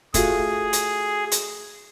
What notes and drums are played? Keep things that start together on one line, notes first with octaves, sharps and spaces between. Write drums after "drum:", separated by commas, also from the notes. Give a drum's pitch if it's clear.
A3 F4 F#4 G#4, drum: kick, hi-hat
drum: hi-hat
drum: hi-hat